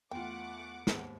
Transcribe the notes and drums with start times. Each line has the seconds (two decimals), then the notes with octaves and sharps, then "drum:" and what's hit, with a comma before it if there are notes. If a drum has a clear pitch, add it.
0.11 E2 A3 F4 F#5 G5 D6
0.87 D#2 G#2 B3 A#4, drum: snare